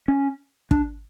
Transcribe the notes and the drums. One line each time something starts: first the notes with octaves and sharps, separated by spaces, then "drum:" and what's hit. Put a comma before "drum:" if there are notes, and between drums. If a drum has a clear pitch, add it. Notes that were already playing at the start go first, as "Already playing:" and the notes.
C#4
D4, drum: kick